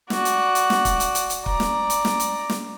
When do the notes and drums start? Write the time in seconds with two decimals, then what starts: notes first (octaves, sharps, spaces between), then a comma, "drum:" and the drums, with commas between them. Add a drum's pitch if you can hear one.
0.10 F#4 D5, drum: snare
0.25 drum: hi-hat
0.55 drum: hi-hat
0.70 drum: snare
0.85 drum: kick, hi-hat
1.00 drum: hi-hat
1.15 drum: hi-hat
1.30 drum: hi-hat
1.46 D5 A#5, drum: kick
1.60 drum: snare
1.90 drum: hi-hat
2.05 drum: snare
2.20 drum: hi-hat
2.50 drum: snare